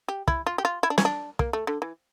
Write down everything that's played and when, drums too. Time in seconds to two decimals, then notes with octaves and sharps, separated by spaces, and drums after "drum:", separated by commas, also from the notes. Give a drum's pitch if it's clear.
0.08 G4
0.28 E4, drum: kick
0.47 F4
0.58 G4
0.65 F4
0.83 E4
0.90 D4
0.98 C#4, drum: snare
1.05 D4
1.39 A#3, drum: kick
1.53 A3
1.67 D3
1.82 E3